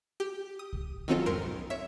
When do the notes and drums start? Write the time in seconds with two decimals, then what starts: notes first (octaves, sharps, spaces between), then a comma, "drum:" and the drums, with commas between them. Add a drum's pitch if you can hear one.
0.20 G4
0.59 D#6
0.73 drum: kick C2
1.08 D#3 F#3 C4 C#4 F4 A4
1.26 F2 G#2 A#4 C6
1.43 B1
1.70 C#5 E5